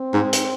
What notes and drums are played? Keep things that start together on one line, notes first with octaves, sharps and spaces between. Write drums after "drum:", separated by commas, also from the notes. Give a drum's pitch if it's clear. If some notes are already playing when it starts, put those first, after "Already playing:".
Already playing: C4
G#2
drum: hi-hat